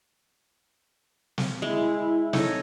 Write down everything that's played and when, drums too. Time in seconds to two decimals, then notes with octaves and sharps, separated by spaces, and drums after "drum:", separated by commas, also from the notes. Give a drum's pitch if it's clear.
1.38 drum: snare
1.62 G#3 E4
2.33 D#4 A4 C#5, drum: snare